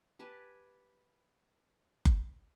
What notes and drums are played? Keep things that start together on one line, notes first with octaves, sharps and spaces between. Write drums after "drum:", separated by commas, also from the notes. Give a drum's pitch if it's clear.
G4 B4 G#5 A5
drum: kick F#1